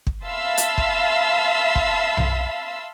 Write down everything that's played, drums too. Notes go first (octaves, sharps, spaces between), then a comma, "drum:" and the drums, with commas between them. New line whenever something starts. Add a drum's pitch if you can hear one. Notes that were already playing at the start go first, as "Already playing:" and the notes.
drum: kick
E5 F5 A5 B5 C6 E6
drum: hi-hat
drum: kick
drum: kick
drum: tom B1